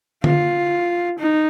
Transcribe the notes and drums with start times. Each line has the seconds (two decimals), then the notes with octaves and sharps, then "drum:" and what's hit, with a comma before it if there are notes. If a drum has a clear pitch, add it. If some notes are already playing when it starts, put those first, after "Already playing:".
0.24 F4, drum: tom D3
1.19 D#4